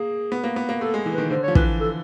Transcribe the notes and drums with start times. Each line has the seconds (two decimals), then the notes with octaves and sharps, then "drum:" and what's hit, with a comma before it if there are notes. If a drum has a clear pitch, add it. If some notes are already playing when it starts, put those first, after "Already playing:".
Already playing: A#3 G#4
0.32 B3
0.44 A#3
0.56 B3
0.69 A#3
0.81 A3 A4
0.94 G#3
1.06 E3
1.14 D#3 B4
1.30 D3 C5
1.43 C#5
1.48 F3
1.55 E3 B4, drum: kick
1.80 A4